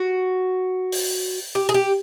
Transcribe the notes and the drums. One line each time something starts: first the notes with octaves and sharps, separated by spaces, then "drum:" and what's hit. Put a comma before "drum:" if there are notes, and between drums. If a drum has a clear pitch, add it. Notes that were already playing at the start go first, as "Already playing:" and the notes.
Already playing: F#4
drum: open hi-hat
G4
G#4
G4